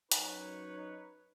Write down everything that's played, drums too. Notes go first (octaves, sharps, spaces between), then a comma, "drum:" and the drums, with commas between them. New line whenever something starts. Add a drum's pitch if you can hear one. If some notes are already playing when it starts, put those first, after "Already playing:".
F#2 D#4 B4 C#5, drum: hi-hat